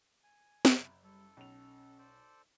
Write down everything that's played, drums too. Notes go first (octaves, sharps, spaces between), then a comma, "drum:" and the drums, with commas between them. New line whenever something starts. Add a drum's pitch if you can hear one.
G#5
F#1 C3 E5, drum: snare
G3 A4
B1 C#4 F7
A4 C5 D5